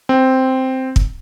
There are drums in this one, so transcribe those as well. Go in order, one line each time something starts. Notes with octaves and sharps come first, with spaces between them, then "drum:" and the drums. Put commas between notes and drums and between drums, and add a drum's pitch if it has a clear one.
C4
drum: kick